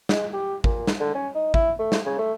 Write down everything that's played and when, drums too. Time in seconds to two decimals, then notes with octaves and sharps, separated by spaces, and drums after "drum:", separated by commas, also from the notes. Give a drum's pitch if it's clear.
0.09 G#3, drum: snare
0.33 G4
0.64 A#2, drum: kick G#1
0.87 drum: snare
1.00 D3
1.15 C#4
1.34 D#4
1.54 E4, drum: kick G#1
1.79 A3
1.92 drum: snare
2.06 C#3
2.18 A3